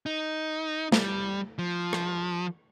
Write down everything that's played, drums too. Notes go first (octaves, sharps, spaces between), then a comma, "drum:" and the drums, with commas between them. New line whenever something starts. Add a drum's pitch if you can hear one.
D#4
G3, drum: snare
F3
drum: rim click